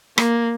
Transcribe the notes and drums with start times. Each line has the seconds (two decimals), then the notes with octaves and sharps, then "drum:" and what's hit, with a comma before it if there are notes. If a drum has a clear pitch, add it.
0.18 A#3, drum: rim click